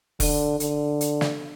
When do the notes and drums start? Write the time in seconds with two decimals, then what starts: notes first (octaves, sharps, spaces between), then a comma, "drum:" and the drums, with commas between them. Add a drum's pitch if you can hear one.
0.20 D3, drum: kick E1, open hi-hat
0.60 D3, drum: hi-hat
1.01 drum: hi-hat
1.21 drum: snare